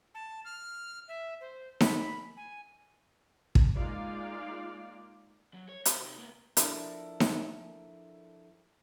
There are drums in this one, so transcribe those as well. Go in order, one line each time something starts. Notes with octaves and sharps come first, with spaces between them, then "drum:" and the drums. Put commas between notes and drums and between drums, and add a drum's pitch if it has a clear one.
A5
F6
E5
C5
B5, drum: snare D#4
G#5
drum: kick
G#3 A#3 D#4 F4 D5 F5
F#3
C#5
F#4 C5, drum: hi-hat
C3 D#4
A#3 B3
F3 D4 E4 A4 A#4, drum: hi-hat
drum: snare D#4